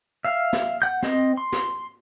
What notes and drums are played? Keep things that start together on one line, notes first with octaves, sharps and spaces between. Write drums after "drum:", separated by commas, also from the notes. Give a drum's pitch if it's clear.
E5 F5
drum: snare
F#5 G6
C4 D#5, drum: snare
C6
drum: snare